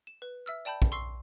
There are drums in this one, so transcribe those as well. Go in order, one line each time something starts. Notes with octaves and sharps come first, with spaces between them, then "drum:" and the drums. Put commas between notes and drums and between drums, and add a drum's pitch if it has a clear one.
E7
B4
E5 E6 F6
D5 G5 A5 B5 G6
drum: kick
C6 C#6 E6 C7